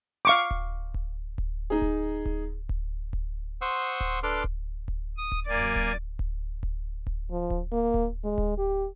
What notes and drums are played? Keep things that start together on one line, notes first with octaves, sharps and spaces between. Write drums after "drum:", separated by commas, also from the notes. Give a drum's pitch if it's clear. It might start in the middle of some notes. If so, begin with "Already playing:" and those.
F5 C#6 D6
drum: kick D1
drum: kick D1
drum: kick D1
D#4 G#4
drum: kick D1
drum: kick D1
drum: kick D1
drum: kick D1
C5 F#5 C6 C#6 D#6 E6
drum: kick D1
D4 A4 B4 C6 D6 F6
drum: kick D1
drum: kick D1
D#6
drum: kick D1
F#2 A#3 D5 G#5
drum: kick D1
drum: kick D1
drum: kick D1
drum: kick D1
F3
drum: kick D1
A#3
drum: kick D1
G#3
drum: kick D1
G4